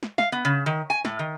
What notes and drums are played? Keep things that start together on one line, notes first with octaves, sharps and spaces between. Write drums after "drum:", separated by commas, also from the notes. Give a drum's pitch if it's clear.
drum: snare
F5, drum: snare
B3
C#3
D#3
G#5
A2, drum: snare
D#3